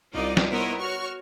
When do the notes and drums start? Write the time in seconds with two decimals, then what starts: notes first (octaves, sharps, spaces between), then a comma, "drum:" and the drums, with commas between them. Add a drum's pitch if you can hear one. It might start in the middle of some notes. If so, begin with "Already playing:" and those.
0.14 C2 D#4 F4 D5 D#5
0.37 drum: snare
0.50 B3 E4 A#4 C5 C#5 D#5
0.80 F#4 C#5 C#6 F6